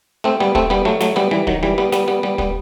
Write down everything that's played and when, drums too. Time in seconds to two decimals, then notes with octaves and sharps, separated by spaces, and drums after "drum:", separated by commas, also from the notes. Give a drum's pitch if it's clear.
0.24 A3 C4
0.40 G3 B3
0.55 A3 C4, drum: kick
0.70 G3 B3
0.85 F#3 A3
1.01 F#3 A3, drum: snare
1.16 G3 B3
1.31 E3 G3
1.47 D#3 F#3, drum: kick
1.63 E3 G3
1.78 G3 B3
1.92 G3 B3, drum: snare
2.08 G3 B3
2.23 G3 B3
2.38 G3 B3, drum: kick